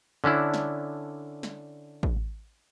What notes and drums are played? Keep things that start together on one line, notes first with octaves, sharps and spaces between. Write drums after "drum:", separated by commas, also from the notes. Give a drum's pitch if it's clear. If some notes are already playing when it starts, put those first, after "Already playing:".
D3 C#4 D4 E4
drum: snare
drum: snare
drum: kick A1